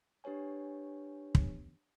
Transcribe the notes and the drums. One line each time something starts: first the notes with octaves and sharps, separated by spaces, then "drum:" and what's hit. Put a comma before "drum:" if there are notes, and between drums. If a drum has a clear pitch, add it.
D4 G4 B4 C#5 G#5
drum: kick